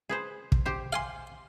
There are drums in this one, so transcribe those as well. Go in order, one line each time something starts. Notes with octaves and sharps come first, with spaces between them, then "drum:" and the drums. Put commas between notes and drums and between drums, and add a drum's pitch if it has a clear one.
G#4 B4 C5
drum: kick
G4 C5
F5 G#5 C6